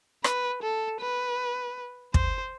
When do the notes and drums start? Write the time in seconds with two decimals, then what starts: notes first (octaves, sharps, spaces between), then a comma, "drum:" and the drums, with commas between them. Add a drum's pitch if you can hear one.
0.24 B4, drum: rim click
0.62 A4
1.01 B4
2.14 C5, drum: kick